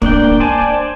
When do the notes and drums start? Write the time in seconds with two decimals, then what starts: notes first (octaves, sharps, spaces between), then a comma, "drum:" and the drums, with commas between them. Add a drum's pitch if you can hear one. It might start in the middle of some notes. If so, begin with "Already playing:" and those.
0.02 A#3 D4 D5 G5, drum: kick
0.40 C5 D5 G#5 A5